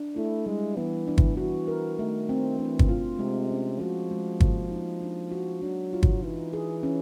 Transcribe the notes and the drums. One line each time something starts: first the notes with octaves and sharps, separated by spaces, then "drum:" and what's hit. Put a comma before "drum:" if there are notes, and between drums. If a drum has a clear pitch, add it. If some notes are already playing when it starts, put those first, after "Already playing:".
Already playing: D4
A3 E4
G3 G#3
E3 B3
D4
drum: kick
E3 F#4
A#4
D#3 A3
C4
E3 D4
drum: kick
F4
C3 G#3
C#4
F3 F#4
G#3
A#3, drum: kick
D#4
D4
F#4
F#3 D4
F4
drum: kick
E3 D#4
G#4
C#4